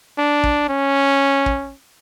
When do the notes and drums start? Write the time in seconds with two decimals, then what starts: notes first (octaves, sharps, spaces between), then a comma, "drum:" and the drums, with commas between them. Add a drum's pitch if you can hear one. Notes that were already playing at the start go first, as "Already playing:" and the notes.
0.18 D4
0.43 drum: kick
0.69 C#4
1.46 drum: kick